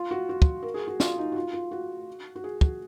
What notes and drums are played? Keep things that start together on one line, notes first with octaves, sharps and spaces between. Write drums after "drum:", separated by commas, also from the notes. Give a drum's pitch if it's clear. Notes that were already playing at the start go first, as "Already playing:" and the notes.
Already playing: F4
F#4
F#4
drum: kick
A#4
G#4
F#4
F4, drum: snare
D#4
F#4
F4
F4
F#4
F#4
G#4
F#4, drum: kick